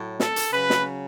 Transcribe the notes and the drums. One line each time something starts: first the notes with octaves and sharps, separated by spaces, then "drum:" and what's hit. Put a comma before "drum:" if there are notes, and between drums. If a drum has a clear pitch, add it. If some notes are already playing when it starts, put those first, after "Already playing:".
Already playing: A2 F#3
A4, drum: snare
drum: hi-hat
C#3 F#3 B4
drum: snare